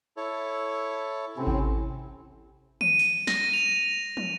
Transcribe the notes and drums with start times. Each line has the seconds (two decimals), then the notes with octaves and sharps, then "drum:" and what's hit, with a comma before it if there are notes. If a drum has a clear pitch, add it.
0.17 E4 A4 C#5
1.38 A2 C3 C4 C#4 E4
1.47 drum: kick G#1
2.81 D#7, drum: tom
2.99 drum: open hi-hat
3.27 A#6, drum: snare
3.53 F7
4.17 drum: tom